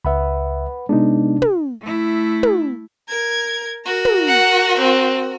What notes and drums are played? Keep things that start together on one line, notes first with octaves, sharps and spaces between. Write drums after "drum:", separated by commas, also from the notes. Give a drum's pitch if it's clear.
C#2 B4 E5 F#5 B5
C3 G#3 B3 D4 D#4
drum: tom
A3 E4
drum: tom
A#4 G#6
F#4 A#4
drum: tom
F#5
C4